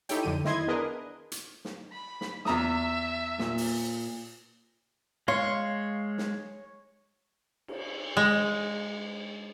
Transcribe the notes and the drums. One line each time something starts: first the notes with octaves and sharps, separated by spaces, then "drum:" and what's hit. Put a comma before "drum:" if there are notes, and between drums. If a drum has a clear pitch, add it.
D#4 E4 G4 A4 C#5 G5, drum: hi-hat
F2 D3 F#3 D#7
D#3 E4 D#5 C6 G#6, drum: snare
B3 D4 G#4 A#4 B4 D#5
drum: hi-hat
drum: snare
B5
drum: snare
E2 E5 A#5 D#6, drum: snare
A#2, drum: snare
drum: open hi-hat
G#3 C#5 F5 C6
drum: snare
drum: cymbal
G#3